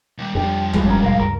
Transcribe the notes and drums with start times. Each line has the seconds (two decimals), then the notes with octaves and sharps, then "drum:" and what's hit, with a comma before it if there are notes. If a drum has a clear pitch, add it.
0.18 D#2 G3
0.35 F2 G3 D4 F4 G4
0.73 G2 E3 F3 G#3, drum: kick
0.86 C#4 F#4 A#4
1.03 A1 D#2 B2 A#4 F5
1.20 D2 G2 C#3 A#4